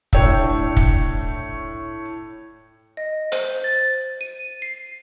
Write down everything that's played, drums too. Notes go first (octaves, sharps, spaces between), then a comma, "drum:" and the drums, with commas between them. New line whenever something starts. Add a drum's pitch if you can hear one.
A2 D4 C#5 G5 E6, drum: kick
drum: kick
D#5
C5, drum: hi-hat
A6
D#7
C7